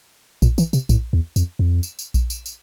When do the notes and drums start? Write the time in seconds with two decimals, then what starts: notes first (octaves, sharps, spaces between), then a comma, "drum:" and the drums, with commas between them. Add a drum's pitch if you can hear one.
0.42 A#2, drum: kick A#1, tambourine
0.58 E3, drum: tambourine
0.73 C3, drum: tambourine
0.89 A2, drum: kick A#1, tambourine
1.13 E2
1.36 F2, drum: tambourine
1.59 F2
1.83 drum: tambourine
1.99 drum: tambourine
2.14 drum: kick A#1, tambourine
2.30 drum: tambourine
2.46 drum: tambourine